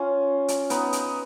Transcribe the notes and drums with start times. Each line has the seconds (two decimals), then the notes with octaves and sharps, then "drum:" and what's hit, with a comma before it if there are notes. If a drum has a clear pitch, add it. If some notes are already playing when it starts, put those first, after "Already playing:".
Already playing: C#4 F4
0.48 drum: hi-hat
0.70 B3 D#4, drum: hi-hat
0.93 drum: hi-hat